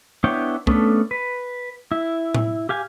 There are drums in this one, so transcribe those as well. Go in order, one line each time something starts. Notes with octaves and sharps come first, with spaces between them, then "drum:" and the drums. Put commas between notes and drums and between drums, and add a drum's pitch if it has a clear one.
B3 D4 E4 C#5 G5
A3 B3 C#4 D4 A4, drum: kick
B4
E4
drum: tom A2
G4 F5 G#5